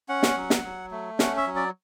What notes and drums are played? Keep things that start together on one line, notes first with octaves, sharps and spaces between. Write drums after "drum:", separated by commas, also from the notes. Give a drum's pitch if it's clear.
C#4 F#5
drum: snare
F#3
drum: snare
F#3
A3
C#4 F#5, drum: snare
E5
F#3
D5